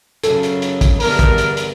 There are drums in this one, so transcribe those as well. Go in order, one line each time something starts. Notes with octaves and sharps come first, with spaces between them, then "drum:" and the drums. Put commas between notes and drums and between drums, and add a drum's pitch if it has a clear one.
F#2 C#3 A4, drum: hi-hat
drum: hi-hat
drum: hi-hat
drum: kick, hi-hat
E2 G2 D3 A#4, drum: open hi-hat
drum: kick, hi-hat
drum: hi-hat
drum: hi-hat